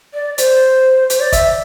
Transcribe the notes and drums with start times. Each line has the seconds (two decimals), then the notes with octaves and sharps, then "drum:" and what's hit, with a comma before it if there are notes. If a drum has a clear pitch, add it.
0.14 D5
0.38 C5, drum: hi-hat
1.10 C5, drum: hi-hat
1.20 D5
1.32 E5, drum: kick, hi-hat